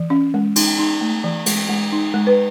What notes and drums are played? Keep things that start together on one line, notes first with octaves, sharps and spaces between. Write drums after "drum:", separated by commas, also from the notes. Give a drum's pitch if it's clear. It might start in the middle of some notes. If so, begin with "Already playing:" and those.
Already playing: E3
C#4
G#3
D#4, drum: cymbal
D#4
A3
E3
G#3, drum: cymbal
G#3
D#4
G#3
B4